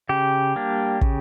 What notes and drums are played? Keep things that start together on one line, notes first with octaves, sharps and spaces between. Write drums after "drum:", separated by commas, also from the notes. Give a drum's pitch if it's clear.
C#3 G4
G3 A#3 D4
C#3, drum: kick